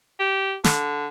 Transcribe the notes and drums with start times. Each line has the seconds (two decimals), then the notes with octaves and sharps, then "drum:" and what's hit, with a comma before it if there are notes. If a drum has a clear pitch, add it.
0.20 G4
0.64 D3, drum: snare